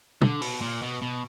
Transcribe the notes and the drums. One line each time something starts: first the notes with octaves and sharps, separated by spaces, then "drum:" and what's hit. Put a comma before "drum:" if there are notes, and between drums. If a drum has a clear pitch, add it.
D3, drum: tom
B2, drum: open hi-hat
A#2
B2
B2